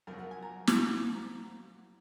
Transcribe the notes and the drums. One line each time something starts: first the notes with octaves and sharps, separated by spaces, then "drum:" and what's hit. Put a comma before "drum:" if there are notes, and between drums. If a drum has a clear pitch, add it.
F#2 C#3 F3 A#4
F#5
G#5
A#5
drum: snare
F#2 F3
A#5